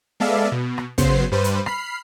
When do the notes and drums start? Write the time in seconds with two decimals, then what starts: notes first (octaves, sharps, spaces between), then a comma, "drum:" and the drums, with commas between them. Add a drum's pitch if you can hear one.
0.20 G#3 B3 A4 D5 E5 F5
0.52 B2
0.78 drum: rim click
0.98 C#3 F#3 B3 C5 C7, drum: kick, hi-hat
1.31 G2 G3 B4 C5 D#7
1.44 drum: hi-hat
1.66 B5 F6 C7, drum: rim click